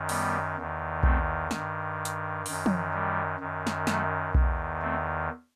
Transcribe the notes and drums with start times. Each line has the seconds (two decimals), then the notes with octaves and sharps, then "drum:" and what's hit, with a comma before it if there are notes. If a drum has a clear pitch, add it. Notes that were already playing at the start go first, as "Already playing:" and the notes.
Already playing: F#2 D#3
0.09 G3 B3, drum: open hi-hat
0.56 E2 D#3
1.03 A3 C4, drum: kick B1
1.51 G2 D#3, drum: snare
2.05 drum: hi-hat
2.46 F#2 D#3, drum: open hi-hat
2.66 drum: tom
2.93 G3
3.40 F#2 D#3
3.67 drum: snare
3.87 F#3 A3, drum: snare
4.35 E2 D#3, drum: kick B1
4.82 A3 C4